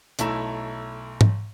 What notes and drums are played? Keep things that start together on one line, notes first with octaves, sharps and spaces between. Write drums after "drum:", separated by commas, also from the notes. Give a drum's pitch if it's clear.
B1 A3 E4 A#5 E7, drum: hi-hat
drum: tom G#2